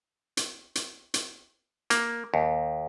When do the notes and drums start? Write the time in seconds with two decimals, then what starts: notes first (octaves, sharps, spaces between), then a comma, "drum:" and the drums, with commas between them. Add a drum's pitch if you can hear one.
0.37 drum: hi-hat
0.75 drum: hi-hat
1.14 drum: hi-hat
1.90 A#3, drum: hi-hat
2.34 D#2